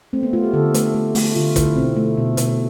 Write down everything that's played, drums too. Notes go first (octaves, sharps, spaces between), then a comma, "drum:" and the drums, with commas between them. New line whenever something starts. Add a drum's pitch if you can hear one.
A3 C4
B3
A3 F4
G4
D3 A4
A3, drum: hi-hat
A3
A3, drum: open hi-hat
D3 F4
D3 E4, drum: kick, hi-hat
B2 C4
A3
B2
B2, drum: hi-hat